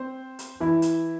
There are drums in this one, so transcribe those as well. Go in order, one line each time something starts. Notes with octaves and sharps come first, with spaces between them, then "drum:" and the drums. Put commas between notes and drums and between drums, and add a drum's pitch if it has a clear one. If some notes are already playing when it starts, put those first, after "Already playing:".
Already playing: C4 C5
drum: hi-hat
E3 E4
drum: hi-hat